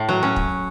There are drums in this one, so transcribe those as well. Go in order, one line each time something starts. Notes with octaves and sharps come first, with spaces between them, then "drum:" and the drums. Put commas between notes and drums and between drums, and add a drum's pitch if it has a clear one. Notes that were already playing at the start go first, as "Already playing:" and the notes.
Already playing: A2
F#3
C#4
drum: kick